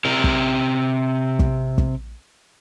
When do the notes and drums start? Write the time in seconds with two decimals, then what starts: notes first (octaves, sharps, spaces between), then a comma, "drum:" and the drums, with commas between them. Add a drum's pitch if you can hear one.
0.05 C3 A#4
0.24 drum: kick
1.39 drum: kick
1.78 drum: kick